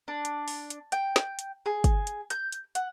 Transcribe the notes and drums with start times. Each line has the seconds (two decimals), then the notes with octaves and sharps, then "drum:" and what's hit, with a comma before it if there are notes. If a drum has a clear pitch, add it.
0.08 D4
0.25 drum: hi-hat
0.48 drum: open hi-hat
0.70 drum: hi-hat
0.92 G5, drum: hi-hat
1.16 drum: snare
1.39 drum: hi-hat
1.66 G#4
1.84 drum: kick, hi-hat
2.07 drum: hi-hat
2.30 G6, drum: hi-hat
2.52 drum: hi-hat
2.75 F#5, drum: hi-hat